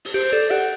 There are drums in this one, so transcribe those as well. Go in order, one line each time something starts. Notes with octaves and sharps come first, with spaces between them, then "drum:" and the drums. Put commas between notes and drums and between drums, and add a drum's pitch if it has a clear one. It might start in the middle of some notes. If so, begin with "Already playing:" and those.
drum: open hi-hat
G4 C5
A4 D5
G4 F#5